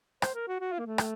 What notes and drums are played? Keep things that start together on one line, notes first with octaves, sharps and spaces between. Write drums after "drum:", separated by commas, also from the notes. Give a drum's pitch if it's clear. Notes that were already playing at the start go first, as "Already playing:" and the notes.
C5, drum: rim click
A#4
F#4
F#4
F4
A#3
A3
drum: rim click